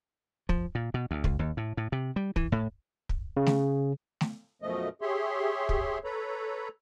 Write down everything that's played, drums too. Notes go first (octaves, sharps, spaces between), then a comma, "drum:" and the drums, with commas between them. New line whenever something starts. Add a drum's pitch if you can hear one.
F3, drum: kick
A#2
B2
D2
C#2, drum: kick
D#2
A2
A2
C3
G3
E3, drum: kick
A2
drum: kick
C#3
drum: snare A3
drum: snare A3
F#2 B2 F3 A3 D#5
G4 G#4 C#5 E5 C6
drum: kick
A4 B4 C#5 A#5 B5